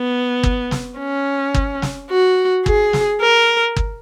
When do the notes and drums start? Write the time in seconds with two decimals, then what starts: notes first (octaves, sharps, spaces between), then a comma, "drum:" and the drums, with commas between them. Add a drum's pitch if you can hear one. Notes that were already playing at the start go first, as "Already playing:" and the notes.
Already playing: B3
0.43 drum: kick
0.71 drum: snare
0.99 C#4
1.54 drum: kick
1.82 drum: snare
2.11 F#4
2.66 G#4, drum: kick
2.93 drum: snare
3.21 A#4
3.76 drum: kick